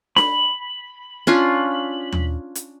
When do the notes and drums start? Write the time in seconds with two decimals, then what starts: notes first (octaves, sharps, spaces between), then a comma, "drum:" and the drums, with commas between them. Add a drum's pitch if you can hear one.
0.17 B5, drum: snare D4
1.27 C#4 D4 F4
2.12 drum: tom D#2
2.55 drum: hi-hat